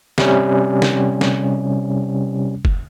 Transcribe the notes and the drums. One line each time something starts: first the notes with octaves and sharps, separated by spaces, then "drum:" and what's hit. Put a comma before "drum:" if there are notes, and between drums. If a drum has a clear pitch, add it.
C3 G3 C#4, drum: snare
drum: snare
drum: snare
drum: kick